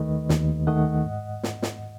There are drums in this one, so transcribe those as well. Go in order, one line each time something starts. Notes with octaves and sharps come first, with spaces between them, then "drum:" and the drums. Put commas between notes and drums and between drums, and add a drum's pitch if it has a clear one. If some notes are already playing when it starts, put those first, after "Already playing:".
Already playing: D#2 D#3 A3 B4 D#5
D#2, drum: snare
D#3 A3 D#5 F#5
G#2
drum: snare
drum: snare